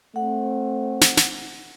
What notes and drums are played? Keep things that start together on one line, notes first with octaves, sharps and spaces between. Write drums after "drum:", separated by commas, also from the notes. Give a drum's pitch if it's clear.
A3 C4 F#5
drum: snare
drum: snare